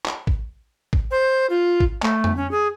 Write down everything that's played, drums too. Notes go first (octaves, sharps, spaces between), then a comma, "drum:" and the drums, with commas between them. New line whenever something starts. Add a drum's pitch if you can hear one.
drum: clap
drum: kick
drum: kick
C5
F4
drum: kick
A3, drum: clap
drum: tom F2
C#4
G#4